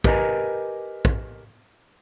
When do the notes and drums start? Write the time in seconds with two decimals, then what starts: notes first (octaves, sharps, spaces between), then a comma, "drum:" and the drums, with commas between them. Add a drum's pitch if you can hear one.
0.04 G4 A#4 B4 D#5 G#5 A#5, drum: kick
1.05 drum: kick